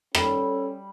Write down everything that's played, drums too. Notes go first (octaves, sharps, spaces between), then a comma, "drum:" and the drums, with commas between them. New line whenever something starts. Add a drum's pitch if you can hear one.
G3 C#4 A4, drum: rim click